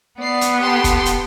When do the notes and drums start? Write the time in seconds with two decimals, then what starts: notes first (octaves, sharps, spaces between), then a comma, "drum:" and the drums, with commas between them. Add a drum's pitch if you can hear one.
0.20 B3 D5 C7
0.41 drum: hi-hat
0.59 G4 A4 C6
0.84 drum: kick, hi-hat
1.06 drum: hi-hat